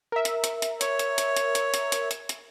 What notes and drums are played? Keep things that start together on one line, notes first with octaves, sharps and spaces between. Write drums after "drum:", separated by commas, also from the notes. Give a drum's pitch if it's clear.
A#4 E5
drum: hi-hat
drum: hi-hat
drum: hi-hat
C#5, drum: hi-hat
drum: hi-hat
drum: hi-hat
drum: hi-hat
drum: hi-hat
drum: hi-hat
drum: hi-hat
drum: hi-hat
drum: hi-hat